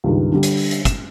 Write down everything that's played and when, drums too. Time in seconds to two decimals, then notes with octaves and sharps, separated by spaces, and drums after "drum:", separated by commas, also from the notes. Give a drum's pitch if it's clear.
0.04 C#2 G2 D#3
0.32 D3 G3
0.43 drum: hi-hat
0.57 drum: open hi-hat
0.71 drum: hi-hat
0.85 E7, drum: kick, hi-hat